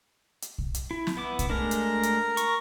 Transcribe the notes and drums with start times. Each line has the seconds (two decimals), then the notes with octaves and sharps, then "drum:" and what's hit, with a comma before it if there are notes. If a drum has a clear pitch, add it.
0.42 drum: hi-hat
0.58 drum: kick
0.75 drum: hi-hat
0.91 E4
1.07 drum: snare
1.17 B3 E4 D6
1.39 drum: kick, hi-hat
1.50 G#3 A3 D4 A#4 A#5
1.71 drum: hi-hat
2.03 drum: hi-hat
2.37 C#6, drum: hi-hat